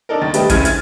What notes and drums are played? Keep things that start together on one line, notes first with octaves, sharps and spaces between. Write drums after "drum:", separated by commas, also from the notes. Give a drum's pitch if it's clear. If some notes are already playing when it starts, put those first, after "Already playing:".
D4 D#4 A4 A#4
D#2 D#3 A6
G3 A3 B4 D#5 G5, drum: hi-hat
F#1 C#2 E4 F6 G#6 D#7, drum: kick, hi-hat
F6 G#6 A6, drum: hi-hat